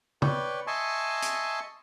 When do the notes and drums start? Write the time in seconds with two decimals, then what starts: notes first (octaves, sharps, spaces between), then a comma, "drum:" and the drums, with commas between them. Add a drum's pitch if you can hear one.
0.22 B4 C#5 D5 G5, drum: tom
0.67 D#5 E5 G#5 A5 C6 C#6
1.22 drum: hi-hat